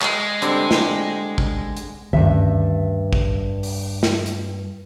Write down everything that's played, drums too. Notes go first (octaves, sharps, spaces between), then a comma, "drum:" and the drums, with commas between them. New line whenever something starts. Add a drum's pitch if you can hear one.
G#3, drum: clap
D3 G3 C4, drum: hi-hat
drum: snare
drum: kick
drum: hi-hat
D2 G2 D#3 C#4 E5
drum: kick
drum: open hi-hat
drum: snare
drum: hi-hat